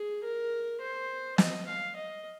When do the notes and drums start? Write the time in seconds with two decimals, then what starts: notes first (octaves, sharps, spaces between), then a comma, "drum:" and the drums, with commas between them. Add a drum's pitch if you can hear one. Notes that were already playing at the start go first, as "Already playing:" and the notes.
Already playing: G#4
0.24 A#4
0.81 C5
1.38 D#5, drum: snare
1.67 F5
1.96 D#5